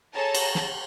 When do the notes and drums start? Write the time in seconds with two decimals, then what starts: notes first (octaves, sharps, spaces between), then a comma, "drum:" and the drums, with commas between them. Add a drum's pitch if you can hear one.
0.14 G#4 A4 C#5 A5 A#5
0.35 drum: cymbal
0.55 drum: snare